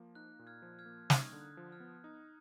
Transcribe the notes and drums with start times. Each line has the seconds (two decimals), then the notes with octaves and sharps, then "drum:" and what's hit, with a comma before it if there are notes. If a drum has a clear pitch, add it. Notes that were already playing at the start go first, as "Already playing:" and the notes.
Already playing: F3 A#3
0.15 D#4 F#6
0.39 A#2
0.47 F6 G#6
0.62 F3
0.79 F6 G#6
0.86 A#3
1.10 D#4 F6 G#6, drum: snare
1.27 D#6
1.33 D3 F6
1.41 F#6
1.57 F3
1.72 F6
1.80 B3
2.04 D#4 D#6